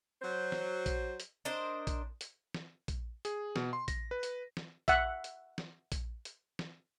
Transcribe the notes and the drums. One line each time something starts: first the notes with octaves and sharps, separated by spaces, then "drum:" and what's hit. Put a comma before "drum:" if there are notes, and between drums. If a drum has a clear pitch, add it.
F#3 C5
drum: snare
drum: kick A#1, hi-hat
drum: hi-hat
D4 A#4 C5 D#5
drum: kick A#1, hi-hat
drum: hi-hat
drum: snare
drum: kick A#1, hi-hat
G#4, drum: hi-hat
B2, drum: snare
C6
A#6, drum: kick A#1, hi-hat
B4
drum: hi-hat
drum: snare
E5 F#5, drum: kick A#1, hi-hat
drum: hi-hat
drum: snare
drum: kick A#1, hi-hat
drum: hi-hat
drum: snare